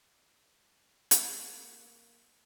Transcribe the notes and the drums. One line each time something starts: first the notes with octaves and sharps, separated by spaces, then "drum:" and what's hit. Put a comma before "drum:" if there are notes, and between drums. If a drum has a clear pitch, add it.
A#3, drum: hi-hat